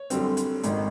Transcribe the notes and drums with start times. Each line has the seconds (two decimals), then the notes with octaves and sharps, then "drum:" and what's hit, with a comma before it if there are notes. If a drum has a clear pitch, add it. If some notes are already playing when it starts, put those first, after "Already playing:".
Already playing: C#5
0.10 F#2 D3 G3 C4, drum: hi-hat
0.37 drum: hi-hat
0.63 G#1 G#2 D#3, drum: hi-hat